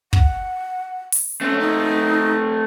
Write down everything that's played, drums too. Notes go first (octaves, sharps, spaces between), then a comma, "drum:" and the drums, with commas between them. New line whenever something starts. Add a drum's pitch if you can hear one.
F#5, drum: kick
drum: open hi-hat
A3 C4 C#4
D#4